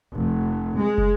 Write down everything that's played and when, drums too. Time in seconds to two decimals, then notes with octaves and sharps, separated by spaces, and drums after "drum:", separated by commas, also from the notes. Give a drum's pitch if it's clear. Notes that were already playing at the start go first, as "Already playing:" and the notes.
0.13 F1
0.77 G#3
0.98 drum: kick